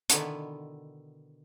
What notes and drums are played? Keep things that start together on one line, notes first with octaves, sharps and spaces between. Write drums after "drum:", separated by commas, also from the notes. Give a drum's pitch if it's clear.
B2 D3 D#3 B3 E4 B4, drum: hi-hat